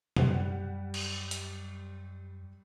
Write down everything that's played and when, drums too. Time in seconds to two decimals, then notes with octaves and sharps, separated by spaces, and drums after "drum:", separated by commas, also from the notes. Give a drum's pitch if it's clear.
0.16 F#2 G3 F#5 F#6, drum: tom B2
0.94 drum: cymbal
1.31 drum: hi-hat